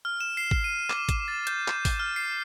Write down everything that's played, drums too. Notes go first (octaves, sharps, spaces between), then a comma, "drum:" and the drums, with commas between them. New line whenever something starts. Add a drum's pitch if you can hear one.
F6
E7
C7
drum: kick G#1
D#7
D6, drum: clap
drum: kick G#1, hi-hat
A6
G6, drum: hi-hat
G6, drum: clap
drum: kick G#1, open hi-hat
F6
C7